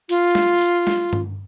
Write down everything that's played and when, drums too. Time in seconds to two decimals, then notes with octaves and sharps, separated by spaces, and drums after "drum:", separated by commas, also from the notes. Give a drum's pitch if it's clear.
0.09 F4, drum: hi-hat
0.35 drum: snare
0.61 drum: hi-hat
0.87 drum: snare
1.13 drum: tom G2